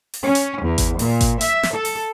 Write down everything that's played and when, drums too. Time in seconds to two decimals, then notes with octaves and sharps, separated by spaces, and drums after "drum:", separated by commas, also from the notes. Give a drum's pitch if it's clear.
0.14 drum: open hi-hat
0.23 C#4
0.35 drum: hi-hat
0.62 E2
0.78 drum: kick G#1, hi-hat
0.99 A#2, drum: open hi-hat
1.21 drum: kick G#1, hi-hat
1.41 E5, drum: hi-hat
1.63 drum: snare
1.74 A4
1.85 drum: open hi-hat